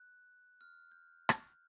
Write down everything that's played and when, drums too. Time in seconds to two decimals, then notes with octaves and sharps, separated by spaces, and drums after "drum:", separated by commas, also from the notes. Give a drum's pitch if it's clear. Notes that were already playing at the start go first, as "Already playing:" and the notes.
Already playing: F#6
0.61 F6
0.92 G6
1.29 drum: rim click